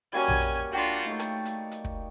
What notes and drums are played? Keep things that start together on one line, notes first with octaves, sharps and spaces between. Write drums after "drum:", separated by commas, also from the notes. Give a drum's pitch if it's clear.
G3 A#3 C#4 F#4 G#5 G#6
drum: tom A#1
drum: hi-hat
D4 F4 F#4 G5
A3 D#4 C#5
drum: rim click
drum: hi-hat
drum: hi-hat
drum: kick